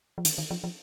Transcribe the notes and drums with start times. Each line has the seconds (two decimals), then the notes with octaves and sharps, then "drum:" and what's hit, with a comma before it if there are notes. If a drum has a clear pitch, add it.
0.18 F3
0.25 D#3, drum: hi-hat
0.38 D#3
0.51 F3
0.64 F3